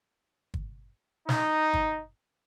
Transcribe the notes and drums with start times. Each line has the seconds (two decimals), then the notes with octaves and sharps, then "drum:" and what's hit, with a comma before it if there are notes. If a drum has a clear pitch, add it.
0.54 drum: kick G1
1.29 D#4, drum: snare
1.74 drum: kick G1